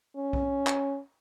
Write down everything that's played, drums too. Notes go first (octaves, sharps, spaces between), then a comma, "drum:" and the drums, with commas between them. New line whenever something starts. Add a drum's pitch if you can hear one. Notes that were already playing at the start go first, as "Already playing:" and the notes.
C#4
drum: kick B1
drum: clap